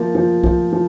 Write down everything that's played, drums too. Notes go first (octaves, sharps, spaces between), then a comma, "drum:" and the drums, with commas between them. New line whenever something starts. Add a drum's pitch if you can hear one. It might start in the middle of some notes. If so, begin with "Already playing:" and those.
Already playing: F3 A#3
F3
F3, drum: kick B1
F3